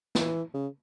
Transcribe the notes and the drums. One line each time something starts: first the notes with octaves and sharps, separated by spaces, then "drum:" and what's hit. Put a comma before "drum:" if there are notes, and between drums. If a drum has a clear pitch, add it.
E3, drum: snare
C#3